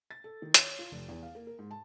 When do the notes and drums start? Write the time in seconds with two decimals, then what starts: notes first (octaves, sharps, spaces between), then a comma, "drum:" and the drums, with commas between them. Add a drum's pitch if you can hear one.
0.11 A6
0.24 A4
0.42 D#3
0.54 C#5, drum: hi-hat
0.79 F4
0.92 F1
1.08 E2
1.23 F5
1.35 A#3
1.47 A#4
1.59 G#2
1.71 A5